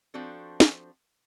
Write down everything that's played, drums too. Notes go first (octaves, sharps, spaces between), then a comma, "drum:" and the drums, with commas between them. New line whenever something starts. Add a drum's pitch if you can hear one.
F3 C4 D4 F#4 A4
drum: snare